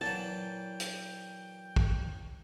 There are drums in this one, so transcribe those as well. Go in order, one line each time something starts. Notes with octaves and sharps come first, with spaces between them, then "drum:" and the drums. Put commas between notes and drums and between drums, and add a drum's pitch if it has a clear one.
A#2 E3 F#3 G5 A5
drum: hi-hat
drum: kick